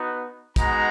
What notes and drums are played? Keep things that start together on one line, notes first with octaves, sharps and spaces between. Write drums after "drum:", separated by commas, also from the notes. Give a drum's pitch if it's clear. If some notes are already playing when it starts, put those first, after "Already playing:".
Already playing: B3 D#4 F#4
G#3 B3 D#4 F#4 A#5, drum: kick, hi-hat